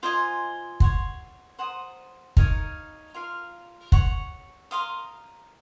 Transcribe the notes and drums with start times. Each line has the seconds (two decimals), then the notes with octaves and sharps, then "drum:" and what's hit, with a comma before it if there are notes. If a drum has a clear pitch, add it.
0.03 F4 C5 D#5 G#5
0.80 C#5 F#5 C6, drum: kick
1.59 C5 F#5 A#5 D#6
2.37 D#4 A#4 C#5 F5, drum: kick
3.14 F4 A#4 F5
3.92 C#5 F#5 C#6, drum: kick
4.71 A#4 F5 C6 D#6